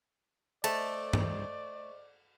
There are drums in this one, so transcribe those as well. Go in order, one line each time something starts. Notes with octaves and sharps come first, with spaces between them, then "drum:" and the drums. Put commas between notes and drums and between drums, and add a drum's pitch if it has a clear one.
A3 C5 D5 D#5 A5, drum: cymbal
drum: tom G2